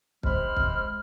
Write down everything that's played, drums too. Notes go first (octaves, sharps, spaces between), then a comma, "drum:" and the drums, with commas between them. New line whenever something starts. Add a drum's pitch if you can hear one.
C3 G#3 C5 B5 F6, drum: kick
drum: kick